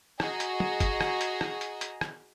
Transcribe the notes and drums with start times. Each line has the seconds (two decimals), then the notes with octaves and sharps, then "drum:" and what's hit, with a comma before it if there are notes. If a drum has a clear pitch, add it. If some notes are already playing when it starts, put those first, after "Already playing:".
0.20 F#4 G#4 D#5 A#5, drum: rim click
0.40 drum: hi-hat
0.60 drum: tom
0.80 drum: kick, hi-hat
1.01 drum: rim click
1.21 drum: hi-hat
1.41 drum: rim click
1.61 drum: hi-hat
1.81 drum: hi-hat
2.01 drum: rim click